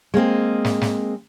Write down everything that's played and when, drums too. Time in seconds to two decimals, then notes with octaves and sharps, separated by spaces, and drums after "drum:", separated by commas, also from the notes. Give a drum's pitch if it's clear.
0.14 G#3 A#3 C4 G#4
0.65 drum: snare
0.81 drum: snare